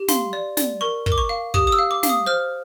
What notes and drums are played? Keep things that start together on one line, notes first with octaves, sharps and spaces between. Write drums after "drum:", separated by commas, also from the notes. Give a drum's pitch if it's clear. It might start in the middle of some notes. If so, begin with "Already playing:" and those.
Already playing: G4
F5 C6, drum: snare
D5
D5, drum: snare
A#4 C#6
A#4, drum: kick
D6
C#6
F5
G4 D#6, drum: kick
D#6
E6
F5
D6
F5, drum: snare
D#6
C5 F6